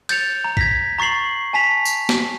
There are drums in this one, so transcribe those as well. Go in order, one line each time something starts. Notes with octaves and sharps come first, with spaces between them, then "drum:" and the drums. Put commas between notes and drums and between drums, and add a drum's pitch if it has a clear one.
G6 A6 C#7 F7, drum: cymbal
A#5
G#6 A#6 B6, drum: kick
A#5 C#6 A6 C7 F#7
G#5 A5 B6 F7
drum: tambourine
drum: snare